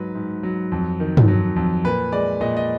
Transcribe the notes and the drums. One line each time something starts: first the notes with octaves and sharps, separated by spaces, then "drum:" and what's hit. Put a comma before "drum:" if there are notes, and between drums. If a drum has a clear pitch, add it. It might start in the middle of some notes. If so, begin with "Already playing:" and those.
Already playing: G#2 F#3 B4
G#2
F#3
F2
D#3
drum: tom G2
F#3
F2
A#2 B4
G#3 D5
A#2 D#5
D#5